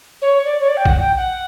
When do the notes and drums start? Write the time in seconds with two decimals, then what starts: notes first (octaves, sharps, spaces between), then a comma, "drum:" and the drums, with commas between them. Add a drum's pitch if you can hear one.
0.22 C#5
0.45 D5
0.60 C#5
0.69 D5
0.77 G5
0.85 F#5, drum: kick A#1
1.00 G5
1.17 F#5